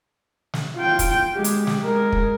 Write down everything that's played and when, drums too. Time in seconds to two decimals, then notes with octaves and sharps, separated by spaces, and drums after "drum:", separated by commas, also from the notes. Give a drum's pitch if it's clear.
0.54 drum: snare
0.76 F4 G5
0.99 drum: kick, hi-hat
1.35 G#3 G4
1.44 drum: hi-hat
1.67 drum: snare
1.83 G#3 A#4
2.12 drum: kick